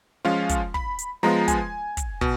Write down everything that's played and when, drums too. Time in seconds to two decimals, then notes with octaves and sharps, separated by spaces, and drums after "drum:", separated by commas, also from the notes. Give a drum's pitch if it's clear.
0.25 F3 G#3 C#4 F4 F5
0.49 drum: kick, hi-hat
0.74 B5, drum: kick
0.99 drum: hi-hat
1.23 F3 G#3 B3 F4 A#5
1.48 G#5, drum: kick, hi-hat
1.97 drum: kick, hi-hat
2.21 B2, drum: kick